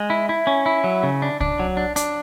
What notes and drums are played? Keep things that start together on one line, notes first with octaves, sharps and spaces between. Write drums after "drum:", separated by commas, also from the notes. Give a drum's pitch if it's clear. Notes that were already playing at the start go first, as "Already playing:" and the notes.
Already playing: G#3
E4
E4
C#4
E4
F#3
C#3
D4
D4, drum: kick C2
F#3
D4
D4, drum: hi-hat